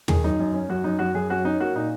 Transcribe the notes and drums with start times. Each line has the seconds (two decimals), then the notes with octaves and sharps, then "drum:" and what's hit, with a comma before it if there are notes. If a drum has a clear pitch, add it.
0.08 D#3 G#4, drum: tom
0.24 F#2 D#4
0.39 F#2
0.54 C#4
0.69 F#2 F#4
0.84 F#2 D#4
0.99 F#2 F#4
1.14 F#2 G#4
1.30 C#4 F#4
1.45 C#4 D#4
1.60 A#3 F#4
1.75 A#2 D#4